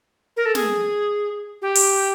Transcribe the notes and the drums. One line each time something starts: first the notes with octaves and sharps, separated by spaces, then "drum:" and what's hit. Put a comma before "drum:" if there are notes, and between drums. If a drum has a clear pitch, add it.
A#4
A4
G#4, drum: snare
G4
drum: open hi-hat